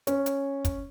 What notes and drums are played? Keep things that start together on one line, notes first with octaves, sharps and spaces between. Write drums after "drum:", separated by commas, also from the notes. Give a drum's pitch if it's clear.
C#4, drum: hi-hat
drum: hi-hat
drum: kick, hi-hat